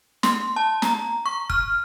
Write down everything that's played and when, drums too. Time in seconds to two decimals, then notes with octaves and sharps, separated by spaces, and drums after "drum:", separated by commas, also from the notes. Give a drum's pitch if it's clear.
0.23 C6, drum: snare
0.56 A5
0.82 A#5, drum: snare
1.26 C#6
1.50 F6, drum: kick